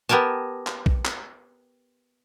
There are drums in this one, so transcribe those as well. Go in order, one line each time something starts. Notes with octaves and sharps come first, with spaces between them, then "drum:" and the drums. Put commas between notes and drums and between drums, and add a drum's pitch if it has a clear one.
B3 G4 A#4 G#5 A5
drum: clap
drum: kick
drum: clap